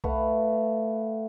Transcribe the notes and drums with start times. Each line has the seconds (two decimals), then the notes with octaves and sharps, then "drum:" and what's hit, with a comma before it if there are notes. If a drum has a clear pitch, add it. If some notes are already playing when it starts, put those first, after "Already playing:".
0.04 A3 B4 F5 F#5, drum: kick B1